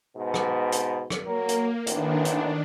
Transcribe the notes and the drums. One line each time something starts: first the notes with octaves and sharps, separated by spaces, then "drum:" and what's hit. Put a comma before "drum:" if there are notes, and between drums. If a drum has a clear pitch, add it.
G#2 B2
drum: rim click
drum: hi-hat
drum: rim click
F#3 A#3 A#4
drum: hi-hat
A1 F#2 D#3 B3 D4, drum: hi-hat
drum: hi-hat